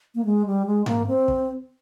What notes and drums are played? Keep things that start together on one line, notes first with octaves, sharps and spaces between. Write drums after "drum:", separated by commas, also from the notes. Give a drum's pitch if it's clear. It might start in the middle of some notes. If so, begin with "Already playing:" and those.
A#3
G#3
G3
G#3
A#3, drum: tom G#2
C4
drum: kick